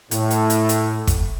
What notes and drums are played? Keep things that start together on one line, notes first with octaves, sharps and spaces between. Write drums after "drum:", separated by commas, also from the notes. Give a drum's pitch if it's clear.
A2, drum: hi-hat
drum: hi-hat
drum: hi-hat
drum: hi-hat
drum: kick, hi-hat